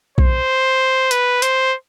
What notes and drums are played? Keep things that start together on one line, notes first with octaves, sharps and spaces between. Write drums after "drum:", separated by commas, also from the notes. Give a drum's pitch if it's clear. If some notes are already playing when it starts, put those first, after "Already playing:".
C5, drum: kick
B4, drum: hi-hat
C5, drum: hi-hat